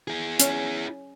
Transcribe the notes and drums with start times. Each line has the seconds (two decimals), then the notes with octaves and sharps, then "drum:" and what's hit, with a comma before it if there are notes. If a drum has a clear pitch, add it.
0.08 E4 G#4
0.40 C#4, drum: hi-hat